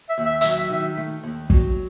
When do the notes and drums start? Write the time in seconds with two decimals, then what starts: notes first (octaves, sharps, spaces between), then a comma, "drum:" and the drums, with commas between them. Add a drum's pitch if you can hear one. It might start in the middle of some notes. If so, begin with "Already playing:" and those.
0.09 E5
0.18 D#2
0.25 E5
0.41 E5, drum: hi-hat
0.44 F#3
0.58 E5
0.70 D#3 E5
0.97 A3
1.23 D#2
1.50 F#3, drum: kick